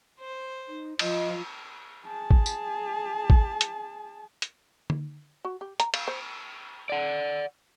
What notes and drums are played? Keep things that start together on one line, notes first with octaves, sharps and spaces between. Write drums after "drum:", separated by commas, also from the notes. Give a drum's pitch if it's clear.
C5
D#4
F3 D#5, drum: cymbal
G#4 A5
drum: kick A1
drum: tambourine
drum: kick A1
drum: hi-hat
drum: hi-hat
drum: tom D3
F#4
G4
A#5, drum: hi-hat
F5, drum: cymbal
C5
D5 F#5